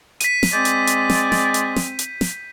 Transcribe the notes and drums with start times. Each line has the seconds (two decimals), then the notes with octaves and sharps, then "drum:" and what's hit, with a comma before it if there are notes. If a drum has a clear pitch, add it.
0.20 B6 D#7, drum: hi-hat
0.43 drum: snare
0.53 G#3 C4 D5 G6
0.65 drum: hi-hat
0.87 drum: hi-hat
1.10 drum: snare
1.32 drum: snare
1.54 drum: hi-hat
1.76 drum: snare
1.99 drum: hi-hat
2.21 drum: snare